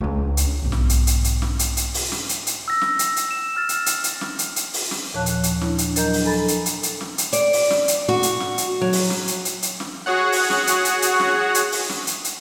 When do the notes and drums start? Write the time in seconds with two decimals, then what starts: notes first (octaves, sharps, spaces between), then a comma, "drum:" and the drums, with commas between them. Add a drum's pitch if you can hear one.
0.01 C#2 D4
0.37 drum: hi-hat
0.62 B1 G#2
0.72 drum: snare
0.89 drum: hi-hat
1.07 drum: hi-hat
1.24 drum: hi-hat
1.42 drum: snare
1.59 drum: hi-hat
1.77 drum: hi-hat
1.94 drum: open hi-hat
2.12 drum: snare
2.29 drum: hi-hat
2.47 drum: hi-hat
2.68 E6 A#6
2.82 drum: snare
2.99 drum: hi-hat
3.16 drum: hi-hat
3.31 E7
3.57 F6 A6
3.69 drum: hi-hat
3.86 drum: hi-hat
4.04 drum: hi-hat
4.21 drum: snare
4.39 drum: hi-hat
4.56 drum: hi-hat
4.74 drum: open hi-hat
4.91 drum: snare
5.14 D#2 A#2 F3 C#5 A5 F#6
5.26 drum: hi-hat
5.43 drum: hi-hat
5.61 D4 E4, drum: snare
5.78 drum: hi-hat
5.96 F#3 D4 A#4 D#5 A#5 G6, drum: hi-hat
6.13 drum: open hi-hat
6.24 F3 A4 G#5 A#5 B5 A6
6.48 drum: hi-hat
6.66 drum: hi-hat
6.83 drum: hi-hat
7.01 drum: snare
7.18 drum: hi-hat
7.33 D5, drum: hi-hat
7.53 drum: open hi-hat
7.70 drum: snare
7.88 drum: hi-hat
8.09 F#4
8.23 drum: hi-hat
8.40 drum: snare
8.58 drum: hi-hat
8.81 F#3
8.93 drum: open hi-hat
9.10 drum: snare
9.28 drum: hi-hat
9.45 drum: hi-hat
9.62 drum: hi-hat
9.80 drum: snare
10.06 F#4 G#4 C#5 F#5
10.32 drum: open hi-hat
10.50 drum: snare
10.67 drum: hi-hat
10.85 drum: hi-hat
11.02 drum: hi-hat
11.20 drum: snare
11.55 drum: hi-hat
11.72 drum: open hi-hat
11.89 drum: snare
12.07 drum: hi-hat
12.24 drum: hi-hat